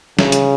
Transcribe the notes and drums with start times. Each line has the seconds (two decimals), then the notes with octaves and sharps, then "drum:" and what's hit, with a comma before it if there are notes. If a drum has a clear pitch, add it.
0.19 C#3, drum: snare
0.32 drum: hi-hat